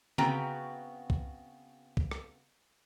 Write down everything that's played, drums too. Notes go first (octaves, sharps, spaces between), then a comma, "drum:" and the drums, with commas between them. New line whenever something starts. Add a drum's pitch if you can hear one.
C#3 B3 C4 F#4 G5 A#5, drum: tom D3
drum: kick C2
drum: kick C2
drum: rim click